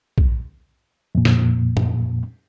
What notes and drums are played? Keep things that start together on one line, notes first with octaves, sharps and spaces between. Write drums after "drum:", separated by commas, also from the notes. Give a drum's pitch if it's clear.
drum: kick A#1
F2 A#2
drum: snare
drum: tom F#2